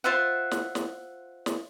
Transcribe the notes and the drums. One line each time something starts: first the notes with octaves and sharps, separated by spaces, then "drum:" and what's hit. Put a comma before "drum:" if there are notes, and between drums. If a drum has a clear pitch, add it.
F4 C5 E5 F#5
drum: snare
drum: snare
drum: snare